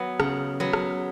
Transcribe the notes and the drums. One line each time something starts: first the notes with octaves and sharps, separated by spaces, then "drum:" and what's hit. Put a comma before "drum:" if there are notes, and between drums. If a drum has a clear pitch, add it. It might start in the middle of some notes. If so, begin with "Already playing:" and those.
Already playing: F#3 B3
C#3, drum: rim click
F#3 B3
drum: rim click